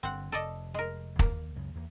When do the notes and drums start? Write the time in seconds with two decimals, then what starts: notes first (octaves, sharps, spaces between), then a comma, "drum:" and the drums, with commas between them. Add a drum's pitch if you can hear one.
0.03 G1 D3 C4 F#5
0.32 F1 A4 D5 D#5
0.74 G#3 A#4
1.19 D#2 A#3, drum: kick
1.56 C#2 F#2 C#3
1.75 E2 A#3